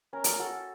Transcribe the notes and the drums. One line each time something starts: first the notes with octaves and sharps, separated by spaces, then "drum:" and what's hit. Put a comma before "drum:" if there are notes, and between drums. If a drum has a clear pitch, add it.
C#4 A#4
drum: hi-hat
F#4 A4